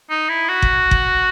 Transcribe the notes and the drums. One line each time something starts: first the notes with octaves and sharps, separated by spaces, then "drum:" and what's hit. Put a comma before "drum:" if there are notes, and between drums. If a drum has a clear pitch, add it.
D#4
E4
F#4
drum: kick G1
drum: kick G1